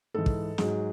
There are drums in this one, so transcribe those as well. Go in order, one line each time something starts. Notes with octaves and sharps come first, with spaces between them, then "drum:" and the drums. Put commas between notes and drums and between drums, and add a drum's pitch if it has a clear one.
G#2 E3 A4
drum: kick
G#2 F#3 G#4, drum: snare